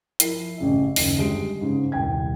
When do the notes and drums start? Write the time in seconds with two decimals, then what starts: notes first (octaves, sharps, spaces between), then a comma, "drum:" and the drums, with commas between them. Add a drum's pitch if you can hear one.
0.20 F3 E4 A#4 C7, drum: hi-hat
0.58 A1 C#3 E5
0.96 F#1 D#2 E5 C7, drum: open hi-hat
1.17 G1 G3 G#3 G4 D7
1.61 G#2 C#3
1.92 D#1 C2 G5 G#6